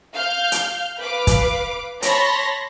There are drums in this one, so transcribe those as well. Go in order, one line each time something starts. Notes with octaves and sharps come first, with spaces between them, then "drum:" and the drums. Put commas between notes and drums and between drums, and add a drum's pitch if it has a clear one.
F5 F6 G6
drum: hi-hat
B4 F5 D6
drum: kick, hi-hat
C#5 A5 B5 C6 A#6, drum: hi-hat